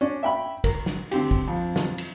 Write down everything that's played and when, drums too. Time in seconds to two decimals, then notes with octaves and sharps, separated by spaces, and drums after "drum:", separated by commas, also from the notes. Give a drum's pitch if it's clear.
0.01 C#4 D4
0.23 E5 G5 B5
0.64 A#4, drum: kick, cymbal
0.86 drum: snare
1.11 D3 C4 G4, drum: cymbal
1.31 drum: kick
1.48 F2
1.76 drum: snare
1.98 drum: cymbal